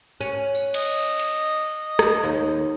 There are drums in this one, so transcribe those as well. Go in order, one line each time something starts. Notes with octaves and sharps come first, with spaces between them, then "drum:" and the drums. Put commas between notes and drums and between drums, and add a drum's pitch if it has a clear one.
C#4 F#6
drum: tambourine
D#5, drum: cymbal
drum: hi-hat
drum: rim click
D#2